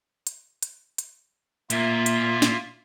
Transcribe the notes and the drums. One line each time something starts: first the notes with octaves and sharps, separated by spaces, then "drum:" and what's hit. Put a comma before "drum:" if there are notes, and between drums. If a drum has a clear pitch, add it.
drum: hi-hat
drum: hi-hat
drum: hi-hat
A#2 A#3 F4 E5, drum: hi-hat
drum: hi-hat
drum: snare